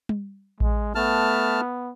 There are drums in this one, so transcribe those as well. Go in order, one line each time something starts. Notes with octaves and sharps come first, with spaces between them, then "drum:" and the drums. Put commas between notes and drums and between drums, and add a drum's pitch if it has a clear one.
drum: tom G3
G#3, drum: kick A1
A3 B3 A5 F6